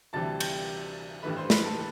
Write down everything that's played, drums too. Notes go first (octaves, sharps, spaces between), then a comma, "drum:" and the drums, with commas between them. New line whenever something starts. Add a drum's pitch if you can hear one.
D2 C3 E3 G3 A5 A6
G5 G6, drum: cymbal
A1 G2 E3 A3 B4 B5
C5 C6
B4 B5, drum: snare
A4 A5